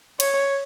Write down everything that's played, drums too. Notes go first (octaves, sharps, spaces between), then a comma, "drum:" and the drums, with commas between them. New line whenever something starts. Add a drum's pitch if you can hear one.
C#5, drum: cymbal